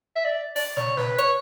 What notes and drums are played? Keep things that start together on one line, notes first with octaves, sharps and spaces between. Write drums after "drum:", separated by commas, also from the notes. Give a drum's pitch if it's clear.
E5
D5
D5, drum: open hi-hat
C#5, drum: snare
B4, drum: snare
C#5, drum: hi-hat